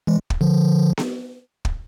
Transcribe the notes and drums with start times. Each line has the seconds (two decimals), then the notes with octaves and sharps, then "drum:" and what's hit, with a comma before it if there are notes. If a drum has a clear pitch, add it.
0.07 E3 G#3
0.30 drum: kick
0.41 D3 F3
0.97 drum: snare B3
1.65 drum: kick